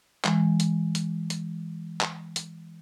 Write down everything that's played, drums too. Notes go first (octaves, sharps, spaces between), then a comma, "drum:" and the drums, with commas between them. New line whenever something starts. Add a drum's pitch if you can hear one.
E3 G#3, drum: clap
drum: hi-hat
drum: hi-hat
drum: hi-hat
drum: clap
drum: hi-hat